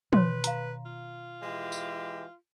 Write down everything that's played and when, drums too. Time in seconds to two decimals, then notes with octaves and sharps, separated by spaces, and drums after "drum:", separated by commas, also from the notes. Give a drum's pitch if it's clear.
0.13 B2 D#3 B4 C#5 C6, drum: tom
0.44 F5 A#5, drum: hi-hat
0.86 F4
1.41 E3 G#3 G4
1.72 drum: tambourine